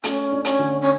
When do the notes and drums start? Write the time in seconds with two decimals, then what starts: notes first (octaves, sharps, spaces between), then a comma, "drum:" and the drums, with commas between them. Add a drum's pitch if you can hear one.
0.04 A3 C#4, drum: hi-hat
0.32 D4
0.45 C#4, drum: hi-hat
0.59 D3
0.81 C#4